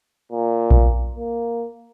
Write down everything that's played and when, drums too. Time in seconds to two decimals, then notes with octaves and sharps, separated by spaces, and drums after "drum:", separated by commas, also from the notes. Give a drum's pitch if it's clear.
0.32 A#2
0.71 drum: kick A#1
1.16 A#3